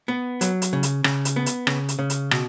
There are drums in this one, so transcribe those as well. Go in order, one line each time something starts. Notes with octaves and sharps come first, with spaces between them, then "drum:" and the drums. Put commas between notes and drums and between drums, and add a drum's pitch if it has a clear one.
B3
F#3, drum: hi-hat
drum: hi-hat
C#3
drum: hi-hat
C#3, drum: rim click
drum: hi-hat
B3
drum: hi-hat
C#3, drum: rim click
drum: hi-hat
C#3
drum: hi-hat
B2, drum: rim click